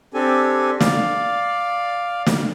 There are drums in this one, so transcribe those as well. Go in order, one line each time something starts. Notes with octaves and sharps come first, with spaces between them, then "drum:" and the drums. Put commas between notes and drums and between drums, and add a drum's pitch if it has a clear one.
C4 D4 G4 A4 G#5
D5 F5, drum: snare
drum: snare